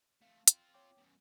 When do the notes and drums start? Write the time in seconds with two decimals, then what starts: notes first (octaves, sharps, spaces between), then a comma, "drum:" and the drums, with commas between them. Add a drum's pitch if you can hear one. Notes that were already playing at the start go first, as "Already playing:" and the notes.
0.22 A3 C4 F5
0.48 C4 F4, drum: hi-hat
0.74 C#5 G5 D6
0.98 F#2 B2